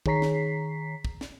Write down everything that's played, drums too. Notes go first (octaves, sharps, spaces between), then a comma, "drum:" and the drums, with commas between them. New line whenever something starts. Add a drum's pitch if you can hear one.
D#3 G#4 C#5 A#5 B6 C7, drum: kick
drum: snare
drum: kick
drum: snare